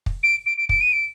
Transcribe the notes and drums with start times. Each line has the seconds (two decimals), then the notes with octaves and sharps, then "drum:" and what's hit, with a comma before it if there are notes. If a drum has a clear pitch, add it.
0.06 drum: kick
0.23 D7
0.46 D7
0.58 D7
0.69 D7, drum: kick
0.81 D#7
0.93 D7